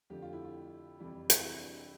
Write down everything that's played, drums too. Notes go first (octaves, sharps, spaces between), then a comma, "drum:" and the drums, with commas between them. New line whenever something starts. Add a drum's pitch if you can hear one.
F2 D3 F3 A3 G4
F4
E4
F4
F2 C3 E3 G3 E4
E4, drum: hi-hat
D4